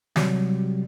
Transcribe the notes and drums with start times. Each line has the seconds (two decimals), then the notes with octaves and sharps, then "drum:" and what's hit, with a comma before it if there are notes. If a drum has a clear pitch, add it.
0.16 C3 F#3 G3, drum: snare